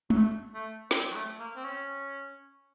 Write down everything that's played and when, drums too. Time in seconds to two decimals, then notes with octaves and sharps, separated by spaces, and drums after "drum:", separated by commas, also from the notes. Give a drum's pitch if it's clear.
0.10 F#3, drum: tom
0.17 A3
0.54 A3
0.91 C4, drum: snare
1.11 F#3
1.15 A3
1.39 A#3
1.56 C4
1.64 C#4